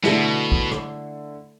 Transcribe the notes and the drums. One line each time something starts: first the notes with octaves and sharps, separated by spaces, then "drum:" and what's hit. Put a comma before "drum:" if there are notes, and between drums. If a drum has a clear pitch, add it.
B2 D3 A3 E4, drum: snare
drum: kick
drum: rim click